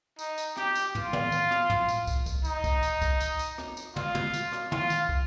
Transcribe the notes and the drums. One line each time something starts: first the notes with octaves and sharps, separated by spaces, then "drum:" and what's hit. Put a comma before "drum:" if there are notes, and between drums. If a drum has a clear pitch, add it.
D#4, drum: tambourine
drum: tambourine
G4, drum: rim click
drum: tambourine
F4, drum: tom
drum: tom
drum: tambourine
drum: rim click
drum: tom
drum: tambourine
drum: kick, tambourine
drum: kick, tambourine
D#4, drum: tambourine
drum: kick, tambourine
drum: tambourine
drum: kick, tambourine
drum: tambourine
drum: tambourine
drum: rim click
drum: tambourine
F4, drum: tom
drum: tom
drum: tambourine
drum: rim click
F4, drum: tom
drum: tambourine
drum: kick